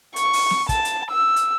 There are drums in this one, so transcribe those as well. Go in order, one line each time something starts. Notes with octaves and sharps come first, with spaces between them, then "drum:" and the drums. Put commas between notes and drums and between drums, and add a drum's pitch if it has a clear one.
C#6, drum: hi-hat
drum: open hi-hat
drum: snare
A5, drum: kick, hi-hat
drum: hi-hat
E6
drum: hi-hat